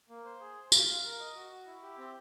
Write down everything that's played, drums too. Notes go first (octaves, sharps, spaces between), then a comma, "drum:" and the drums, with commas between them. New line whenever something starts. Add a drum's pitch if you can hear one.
A#3
C5
G#4
C5
F4, drum: tambourine
F5
A#4
D#5
F#4
F#4
E4
G4
C4